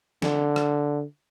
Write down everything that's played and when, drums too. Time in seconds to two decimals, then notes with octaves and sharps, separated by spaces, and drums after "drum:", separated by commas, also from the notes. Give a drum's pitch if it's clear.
0.22 D3, drum: snare
0.56 drum: rim click